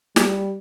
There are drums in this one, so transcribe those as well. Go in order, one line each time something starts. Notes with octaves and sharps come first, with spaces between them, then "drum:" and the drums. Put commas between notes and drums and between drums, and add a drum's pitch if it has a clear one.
G3, drum: snare